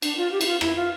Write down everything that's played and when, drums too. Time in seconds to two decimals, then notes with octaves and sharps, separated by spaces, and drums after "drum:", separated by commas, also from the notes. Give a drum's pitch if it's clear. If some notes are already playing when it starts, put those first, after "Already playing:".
0.02 D4, drum: cymbal
0.17 F4
0.32 G4
0.41 E4, drum: cymbal
0.46 F4
0.61 E4, drum: rim click
0.76 F4